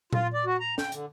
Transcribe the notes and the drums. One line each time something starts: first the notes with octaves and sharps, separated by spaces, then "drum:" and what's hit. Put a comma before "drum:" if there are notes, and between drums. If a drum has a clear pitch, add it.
F4, drum: tom A#2
D5
F#4
A#5
G5, drum: snare
D3, drum: hi-hat